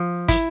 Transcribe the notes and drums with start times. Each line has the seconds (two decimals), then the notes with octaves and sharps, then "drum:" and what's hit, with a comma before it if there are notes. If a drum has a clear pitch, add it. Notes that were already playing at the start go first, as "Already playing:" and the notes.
Already playing: F3
0.28 E4, drum: kick, hi-hat